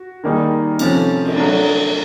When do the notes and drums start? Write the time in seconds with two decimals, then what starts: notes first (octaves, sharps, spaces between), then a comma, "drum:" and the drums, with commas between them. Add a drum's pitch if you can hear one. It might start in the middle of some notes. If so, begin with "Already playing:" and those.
Already playing: F#4
0.24 D#3 G3 A#3 D#4 G#4
0.79 C3 F3 A3 C#4, drum: cymbal
1.26 drum: cymbal
1.36 F#3 A3 D4